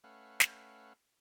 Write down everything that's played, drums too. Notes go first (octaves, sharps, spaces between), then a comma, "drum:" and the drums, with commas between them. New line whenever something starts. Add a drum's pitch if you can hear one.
A3 C#4 B4 F5 F#5
drum: snare